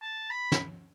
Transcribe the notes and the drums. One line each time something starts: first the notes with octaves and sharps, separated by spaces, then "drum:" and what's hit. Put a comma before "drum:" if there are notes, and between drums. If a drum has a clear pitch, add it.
A5
B5
drum: snare